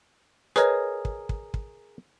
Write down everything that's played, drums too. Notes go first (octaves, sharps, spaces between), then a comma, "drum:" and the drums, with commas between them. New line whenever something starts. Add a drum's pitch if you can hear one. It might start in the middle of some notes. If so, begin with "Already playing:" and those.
G#4 A#4 B4 C#5 D#5, drum: rim click
drum: kick
drum: kick
drum: kick